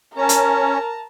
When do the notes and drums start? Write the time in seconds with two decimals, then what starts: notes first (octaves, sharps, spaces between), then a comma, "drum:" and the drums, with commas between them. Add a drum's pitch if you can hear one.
0.17 C#4 A#4 A5 A#5
0.29 drum: hi-hat